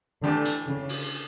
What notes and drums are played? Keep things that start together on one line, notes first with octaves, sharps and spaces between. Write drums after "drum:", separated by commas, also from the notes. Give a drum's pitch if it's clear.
A2 D3 E3 A3 D4 G4
drum: hi-hat
C#3
drum: open hi-hat